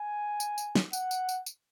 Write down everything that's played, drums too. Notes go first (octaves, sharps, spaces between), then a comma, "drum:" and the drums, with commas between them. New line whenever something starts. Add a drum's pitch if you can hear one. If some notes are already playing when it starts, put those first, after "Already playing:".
Already playing: G#5
drum: tambourine
drum: tambourine
drum: snare
F#5, drum: tambourine
drum: tambourine
drum: tambourine
drum: tambourine